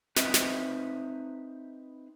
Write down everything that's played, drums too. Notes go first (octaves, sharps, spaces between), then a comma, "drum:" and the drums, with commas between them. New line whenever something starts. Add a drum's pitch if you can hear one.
C4 D#4 B4 C5 D#5 E5, drum: snare
drum: snare